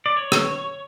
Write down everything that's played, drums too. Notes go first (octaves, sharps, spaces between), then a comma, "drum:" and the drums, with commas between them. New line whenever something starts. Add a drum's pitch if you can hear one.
D5
C#5
drum: rim click